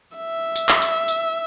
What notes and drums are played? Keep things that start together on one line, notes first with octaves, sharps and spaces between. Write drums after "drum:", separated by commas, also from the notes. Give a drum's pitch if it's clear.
E5
drum: tambourine
drum: clap
drum: tambourine
drum: tambourine